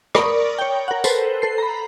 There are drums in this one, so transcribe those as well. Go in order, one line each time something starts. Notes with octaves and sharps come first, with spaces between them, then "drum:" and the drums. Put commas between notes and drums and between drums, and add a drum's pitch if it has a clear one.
A#4 D5 B5 C#6 D#6, drum: rim click
C#5 G5
A#4 F#5
A4 B4 C5, drum: tambourine
A4 C7
A#5 B5